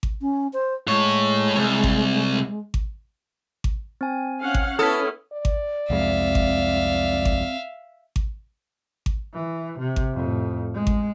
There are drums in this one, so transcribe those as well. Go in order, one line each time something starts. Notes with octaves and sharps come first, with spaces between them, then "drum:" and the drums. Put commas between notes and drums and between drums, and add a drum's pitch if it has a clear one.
drum: kick G#1
C#4
C5
A2 G#3 C#5
C2
drum: kick G#1
drum: kick G#1
drum: kick G#1
C4 G#5
C#4 F5 F#5
drum: kick G#1
B3 C#4 E4 A4 D#6 F6 B6
D5
drum: kick G#1
C2 F2 G#3 C4 E5 F5
drum: kick G#1
drum: kick G#1
drum: kick G#1
drum: kick G#1
E3
C3
drum: kick G#1
F2 A2
G#3
drum: kick G#1